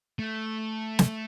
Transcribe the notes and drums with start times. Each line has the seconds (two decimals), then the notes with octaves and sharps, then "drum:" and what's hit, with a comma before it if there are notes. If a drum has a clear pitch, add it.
0.19 A3
0.99 drum: snare